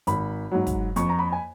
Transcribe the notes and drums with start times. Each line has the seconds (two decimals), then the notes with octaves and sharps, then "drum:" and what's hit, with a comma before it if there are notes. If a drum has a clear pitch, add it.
0.07 G#1 B5, drum: hi-hat
0.51 G#2 F#3
0.67 drum: kick, hi-hat
0.96 F2 C#6, drum: hi-hat
1.09 A#5
1.19 B5
1.32 G#5